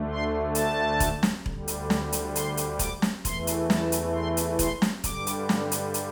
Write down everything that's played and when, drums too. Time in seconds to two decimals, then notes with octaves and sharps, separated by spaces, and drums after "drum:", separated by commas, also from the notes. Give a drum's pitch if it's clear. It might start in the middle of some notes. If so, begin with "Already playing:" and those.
Already playing: D2 D3 A3
0.10 C6
0.55 A5, drum: hi-hat
1.00 drum: kick E1, hi-hat
1.23 drum: snare
1.46 D2 D3 G3, drum: kick E1
1.68 drum: hi-hat
1.90 drum: snare
2.12 drum: hi-hat
2.35 C6, drum: hi-hat
2.57 drum: hi-hat
2.79 D6, drum: kick E1, hi-hat
3.02 drum: snare
3.25 E2 E3 A3 C6, drum: kick E1, hi-hat
3.47 drum: hi-hat
3.70 A5, drum: snare
3.92 drum: hi-hat
4.15 C6
4.37 drum: hi-hat
4.59 C6, drum: kick E1, hi-hat
4.82 drum: snare
5.04 G2 D3 G3 D6, drum: kick E1, hi-hat
5.27 drum: hi-hat
5.49 drum: snare
5.72 drum: hi-hat
5.94 drum: hi-hat